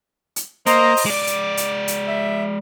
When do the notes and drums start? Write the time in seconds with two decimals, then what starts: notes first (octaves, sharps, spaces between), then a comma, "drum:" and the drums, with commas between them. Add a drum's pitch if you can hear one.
0.36 drum: hi-hat
0.66 A#3 C5 D#5 A#5, drum: hi-hat
0.97 drum: open hi-hat
1.06 G#3 D5 D6
1.27 drum: hi-hat
1.57 drum: hi-hat
1.88 drum: hi-hat
2.07 E5